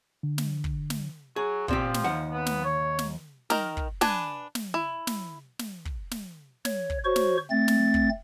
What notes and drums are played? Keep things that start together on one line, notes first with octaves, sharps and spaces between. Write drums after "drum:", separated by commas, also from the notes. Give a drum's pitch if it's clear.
D3
drum: snare
drum: kick
drum: snare
F#3 G#4
A#2 F3 C4 G4, drum: kick
drum: snare
D#2 F#5
B3
drum: snare
C#5
drum: snare
D#3 A#4, drum: snare
drum: kick
D4 B4 G#5 A5, drum: snare
drum: snare
E4
drum: snare
drum: snare
drum: kick
drum: snare
C#5, drum: snare
drum: kick
F#4 C5 C#5 C#6
drum: snare
A3 C4 A6
drum: snare
drum: kick